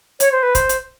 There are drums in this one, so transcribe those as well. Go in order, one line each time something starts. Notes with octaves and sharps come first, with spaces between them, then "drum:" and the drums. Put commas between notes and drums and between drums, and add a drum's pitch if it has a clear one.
C#5, drum: hi-hat
C5
B4
C5, drum: kick, hi-hat
drum: hi-hat